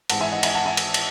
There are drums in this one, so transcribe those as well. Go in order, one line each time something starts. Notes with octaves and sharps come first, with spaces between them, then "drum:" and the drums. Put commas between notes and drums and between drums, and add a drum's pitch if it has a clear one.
G#1 G#2 E3 F#5 A5, drum: cymbal
E5 G#5
D#5 F#5
E5 G#5, drum: cymbal
F#5 A5
E5 G#5
drum: cymbal
drum: cymbal